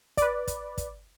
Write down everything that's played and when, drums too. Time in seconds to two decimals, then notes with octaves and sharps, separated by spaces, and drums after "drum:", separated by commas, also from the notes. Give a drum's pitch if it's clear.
0.17 B4 D5, drum: kick, hi-hat
0.47 drum: kick, hi-hat
0.78 drum: kick, hi-hat